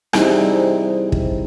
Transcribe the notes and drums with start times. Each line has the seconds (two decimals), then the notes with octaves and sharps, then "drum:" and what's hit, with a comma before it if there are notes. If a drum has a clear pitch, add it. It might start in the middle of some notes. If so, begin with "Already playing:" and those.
0.13 G3 C4 D#4 E4 G#4, drum: rim click
1.12 drum: kick